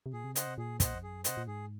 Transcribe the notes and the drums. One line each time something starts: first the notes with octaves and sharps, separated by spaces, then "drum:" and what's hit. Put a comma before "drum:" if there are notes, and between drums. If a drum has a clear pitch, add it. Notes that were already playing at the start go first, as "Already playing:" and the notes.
C3
A#2 G#4
C3
C#3 C5 D#5 F#5, drum: hi-hat
C3
A#2 G#4
C5 D#5 F#5, drum: kick, hi-hat
F2
F#2 G#4
C3 C5 D#5 F#5, drum: hi-hat
A#2
G#2 G#4